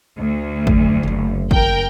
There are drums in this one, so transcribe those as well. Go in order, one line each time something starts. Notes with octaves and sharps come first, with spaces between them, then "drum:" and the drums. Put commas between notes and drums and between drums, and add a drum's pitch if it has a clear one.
D2
F1 F#3, drum: kick G#1
F#1 F#2
A#4 G5, drum: kick G#1